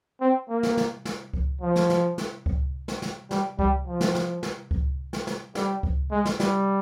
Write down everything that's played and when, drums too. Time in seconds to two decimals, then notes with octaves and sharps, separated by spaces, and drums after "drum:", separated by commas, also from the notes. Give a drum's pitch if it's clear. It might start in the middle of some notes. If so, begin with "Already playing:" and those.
0.21 C4
0.49 A#3
0.63 drum: snare
0.77 drum: snare
1.05 drum: snare
1.33 drum: kick C#2
1.62 F3
1.76 drum: snare
1.90 drum: snare
2.18 drum: snare
2.46 drum: kick C#2
2.88 drum: snare
3.02 drum: snare
3.31 G3, drum: snare
3.59 G3, drum: kick C#2
3.87 F3
4.01 drum: snare
4.15 drum: snare
4.43 drum: snare
4.71 drum: kick C#2
5.13 drum: snare
5.27 drum: snare
5.55 G3, drum: snare
5.83 drum: kick C#2
6.11 G#3
6.25 drum: snare
6.40 G3, drum: snare